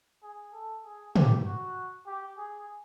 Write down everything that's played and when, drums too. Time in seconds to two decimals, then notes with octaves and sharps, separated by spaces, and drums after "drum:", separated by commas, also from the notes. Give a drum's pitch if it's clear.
0.23 G#4
0.53 A4
0.84 G#4
1.16 G4, drum: tom
1.46 F#4
2.07 G4
2.37 G#4